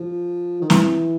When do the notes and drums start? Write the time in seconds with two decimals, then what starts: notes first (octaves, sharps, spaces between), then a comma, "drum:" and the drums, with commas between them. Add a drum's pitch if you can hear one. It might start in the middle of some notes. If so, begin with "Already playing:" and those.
Already playing: F3
0.62 D#3
0.70 E3, drum: snare